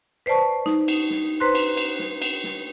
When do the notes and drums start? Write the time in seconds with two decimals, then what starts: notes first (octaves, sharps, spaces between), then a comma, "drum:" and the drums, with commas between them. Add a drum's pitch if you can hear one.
0.26 B4 C5 D5 A5 C#6
0.66 D#4, drum: snare
0.88 drum: cymbal
1.10 drum: snare
1.40 B4 C5 A#5 C6 F#6
1.55 drum: cymbal
1.77 drum: cymbal
1.99 drum: snare
2.22 drum: cymbal
2.44 drum: snare